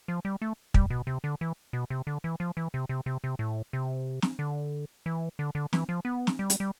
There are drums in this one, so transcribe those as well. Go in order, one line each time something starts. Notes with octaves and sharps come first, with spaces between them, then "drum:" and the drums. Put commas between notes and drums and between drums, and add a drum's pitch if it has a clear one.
F3
G3
A3
G3, drum: kick
B2
C3
D3
E3
B2
C3
D3
E3
F3
E3
C3
C3
C3
C3
A2
C3
drum: snare
D3
E3
D3
D3
E3, drum: snare
F3
B3
drum: snare
G3
drum: hi-hat
G3